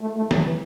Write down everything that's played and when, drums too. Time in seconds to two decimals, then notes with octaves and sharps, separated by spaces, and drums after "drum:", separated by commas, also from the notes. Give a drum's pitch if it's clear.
0.01 A3
0.16 A3
0.31 F#3, drum: snare
0.42 E3